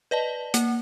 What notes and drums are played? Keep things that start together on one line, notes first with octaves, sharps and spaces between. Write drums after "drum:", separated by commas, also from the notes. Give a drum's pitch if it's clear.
B4 D5 D#5 A5
A#3, drum: hi-hat